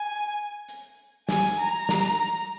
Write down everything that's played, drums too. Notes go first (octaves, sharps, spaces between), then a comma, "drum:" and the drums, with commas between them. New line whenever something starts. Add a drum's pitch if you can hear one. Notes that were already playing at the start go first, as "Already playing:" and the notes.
Already playing: G#5
drum: hi-hat
G#5, drum: snare
A#5
drum: snare